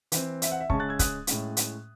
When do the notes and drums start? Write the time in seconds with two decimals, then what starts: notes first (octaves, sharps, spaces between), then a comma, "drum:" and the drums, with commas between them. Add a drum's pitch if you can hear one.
0.12 E3 C4, drum: hi-hat
0.42 E5, drum: hi-hat
0.51 F#5
0.60 E5
0.70 C#3 G#3 C#4 A5 C#6, drum: kick
0.80 F#6 A6
0.89 E6 G#6
0.99 D#6 F#6, drum: kick, hi-hat
1.27 A2 G#3 C#4, drum: hi-hat
1.57 drum: hi-hat